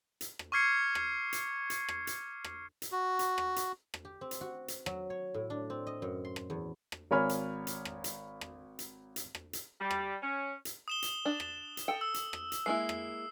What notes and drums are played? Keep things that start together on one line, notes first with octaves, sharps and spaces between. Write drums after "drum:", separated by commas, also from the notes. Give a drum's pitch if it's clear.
drum: hi-hat
drum: rim click
C#6 D6 F6 G#6 C7 C#7
drum: rim click
drum: hi-hat
drum: hi-hat
drum: rim click
drum: hi-hat
drum: rim click
drum: hi-hat
F#4
drum: hi-hat
drum: rim click
drum: hi-hat
drum: rim click
G4
C4
drum: hi-hat
F#4
drum: hi-hat
F#3, drum: rim click
C#5
A2
D4
C4
D#5
F#2
C6
drum: rim click
E2
drum: rim click
G#1 A#4 C#5 G#5 B5 F6
drum: hi-hat
drum: hi-hat
drum: rim click
drum: hi-hat
drum: rim click
drum: hi-hat
drum: hi-hat
drum: rim click
drum: hi-hat
G3
drum: rim click
C#4
drum: hi-hat
D#6 E7 G7
drum: hi-hat
D4
drum: rim click
drum: hi-hat
A4 G5
E6
drum: hi-hat
drum: rim click
drum: hi-hat
G#3 A#3 E4 C7
drum: rim click